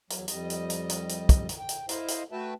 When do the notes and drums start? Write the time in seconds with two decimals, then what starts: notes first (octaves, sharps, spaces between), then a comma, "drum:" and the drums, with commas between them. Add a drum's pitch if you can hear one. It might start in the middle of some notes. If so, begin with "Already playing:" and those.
0.10 E2 F#3, drum: hi-hat
0.28 F2 G3 D#5, drum: hi-hat
0.50 drum: hi-hat
0.70 drum: hi-hat
0.90 drum: hi-hat
1.09 drum: hi-hat
1.29 drum: kick, hi-hat
1.49 drum: hi-hat
1.59 G5
1.69 drum: hi-hat
1.89 E4 C5 D#5 F5, drum: hi-hat
2.08 drum: hi-hat
2.32 A3 F#4 B4 E5 G5 A5